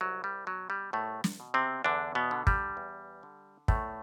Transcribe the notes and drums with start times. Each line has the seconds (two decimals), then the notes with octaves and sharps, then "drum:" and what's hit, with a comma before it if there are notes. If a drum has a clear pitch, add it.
0.01 C2 F#3
0.24 G3
0.47 B2 F#3
0.70 G3
0.93 C2 A2 A3
1.24 drum: snare
1.40 B2
1.54 C3 C4
1.84 E2 D3 D4
2.15 B2 B3
2.31 D3
2.47 G3, drum: kick
2.77 E2
3.23 D3
3.68 E2 A2 A3, drum: kick